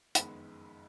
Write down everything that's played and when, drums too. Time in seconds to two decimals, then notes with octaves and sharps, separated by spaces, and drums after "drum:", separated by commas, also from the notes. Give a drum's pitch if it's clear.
0.15 F#1 F2 D#3 G#3 B3 B5, drum: hi-hat